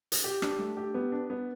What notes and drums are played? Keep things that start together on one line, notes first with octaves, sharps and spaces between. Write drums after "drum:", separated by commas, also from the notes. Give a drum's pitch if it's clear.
drum: hi-hat
G4
D4, drum: rim click
A3
G4
B3
D4
B3